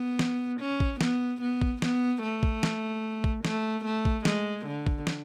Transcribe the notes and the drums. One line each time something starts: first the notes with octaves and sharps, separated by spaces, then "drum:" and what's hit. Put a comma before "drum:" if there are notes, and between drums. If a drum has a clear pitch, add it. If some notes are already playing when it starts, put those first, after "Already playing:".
Already playing: B3
drum: snare
C#4
drum: kick
B3, drum: snare
B3
drum: kick
B3, drum: snare
A3
drum: kick
drum: snare
drum: kick
A3, drum: snare
A3
drum: kick
G#3, drum: snare
D3
drum: kick
drum: snare